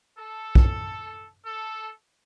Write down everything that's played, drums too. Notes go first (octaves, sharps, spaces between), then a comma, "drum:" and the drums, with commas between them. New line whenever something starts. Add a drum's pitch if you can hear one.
A4
drum: kick
A4